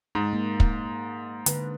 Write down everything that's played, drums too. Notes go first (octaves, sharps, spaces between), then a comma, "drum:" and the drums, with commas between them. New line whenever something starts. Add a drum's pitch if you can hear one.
G#2 D#4
A#3
drum: kick
D3 B4, drum: hi-hat